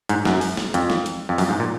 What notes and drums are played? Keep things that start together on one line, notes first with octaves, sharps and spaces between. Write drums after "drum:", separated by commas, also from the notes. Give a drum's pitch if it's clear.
G#2, drum: hi-hat
F#2, drum: snare
drum: open hi-hat
drum: snare
F2, drum: hi-hat
drum: snare
drum: hi-hat
F2
F#2, drum: open hi-hat
G#2
A#2